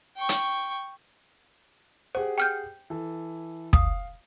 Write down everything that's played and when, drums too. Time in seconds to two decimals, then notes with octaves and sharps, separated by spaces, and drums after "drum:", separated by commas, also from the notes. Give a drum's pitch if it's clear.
0.17 G5 C#6
0.29 drum: hi-hat
2.15 G4 G#4 C5 F#5
2.38 G5 F6 G6
2.90 E3 A4
3.73 F5 D#6, drum: kick